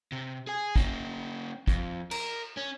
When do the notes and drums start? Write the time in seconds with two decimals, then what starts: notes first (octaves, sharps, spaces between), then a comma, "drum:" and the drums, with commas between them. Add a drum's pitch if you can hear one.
0.12 C3
0.47 G#4 G#5
0.76 A#3 C#4, drum: kick
1.67 F2, drum: kick
2.11 A#4, drum: cymbal
2.57 C#4